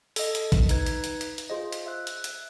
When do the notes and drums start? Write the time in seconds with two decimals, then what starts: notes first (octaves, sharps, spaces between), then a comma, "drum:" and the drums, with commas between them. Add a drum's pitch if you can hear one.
0.16 A4 D#5, drum: open hi-hat
0.35 drum: hi-hat
0.52 drum: kick, hi-hat
0.69 D#4 B4 G#6, drum: hi-hat
0.86 drum: hi-hat
1.04 drum: hi-hat
1.21 drum: hi-hat
1.38 drum: hi-hat
1.49 F4 G#4 C5 D#5
1.72 drum: hi-hat
1.86 E5 F#6
2.07 drum: hi-hat
2.24 drum: hi-hat